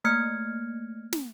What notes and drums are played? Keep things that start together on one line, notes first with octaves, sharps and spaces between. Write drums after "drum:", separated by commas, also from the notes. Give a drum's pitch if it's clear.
A3 A#3 F6 G#6 C#7
drum: snare